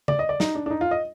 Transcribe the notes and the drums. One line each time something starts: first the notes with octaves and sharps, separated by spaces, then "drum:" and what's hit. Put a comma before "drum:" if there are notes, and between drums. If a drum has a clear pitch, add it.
D5, drum: tom C#3
D#5
D5
D#4, drum: snare
D4
D4
D#4
F4
D#5